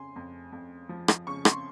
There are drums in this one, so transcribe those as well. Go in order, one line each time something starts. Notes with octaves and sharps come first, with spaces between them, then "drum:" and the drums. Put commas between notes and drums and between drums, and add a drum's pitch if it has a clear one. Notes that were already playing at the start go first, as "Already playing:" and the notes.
Already playing: F2 C#3 G#5 C6
F2
F2
F3
drum: rim click
C#3 C#6
C6, drum: rim click